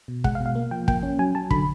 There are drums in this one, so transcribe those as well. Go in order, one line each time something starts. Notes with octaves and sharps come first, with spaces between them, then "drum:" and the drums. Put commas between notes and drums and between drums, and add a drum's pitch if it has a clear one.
B2
G#3 F#5, drum: kick
F5
B2
F5
A#3
F3 G5
A#3 G5, drum: kick
C#4
F#3 G#5
F#3 A5
D3 B5, drum: kick